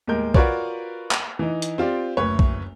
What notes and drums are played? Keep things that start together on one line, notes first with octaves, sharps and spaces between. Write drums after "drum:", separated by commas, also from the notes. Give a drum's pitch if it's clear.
D#2 A2 G#3 A#4 G6
F4 F#4 A#4 B4 C#5 D5, drum: kick
drum: clap
E3 D#4
drum: hi-hat
C4 F4 G4 D5
F#1 D2 B4 C#5
drum: kick